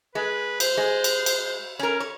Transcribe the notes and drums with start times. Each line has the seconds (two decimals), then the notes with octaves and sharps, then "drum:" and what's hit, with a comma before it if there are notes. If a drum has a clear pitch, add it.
0.15 G#3 B4
0.60 C5, drum: cymbal
0.77 G#3
1.04 drum: cymbal
1.26 drum: cymbal
1.79 C#4 A#4
2.00 C#5